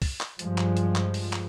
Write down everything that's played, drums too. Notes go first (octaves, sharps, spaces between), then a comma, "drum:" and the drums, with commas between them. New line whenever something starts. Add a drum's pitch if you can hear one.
drum: kick, open hi-hat
drum: clap
G2 F3 G#3, drum: hi-hat
drum: clap
drum: hi-hat
drum: clap
drum: open hi-hat
drum: clap